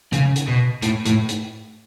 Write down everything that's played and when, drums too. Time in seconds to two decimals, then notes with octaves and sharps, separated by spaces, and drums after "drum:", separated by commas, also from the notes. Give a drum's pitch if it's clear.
0.13 C#3, drum: hi-hat
0.36 drum: hi-hat
0.48 B2
0.82 A2, drum: hi-hat
1.06 A2, drum: hi-hat
1.29 drum: hi-hat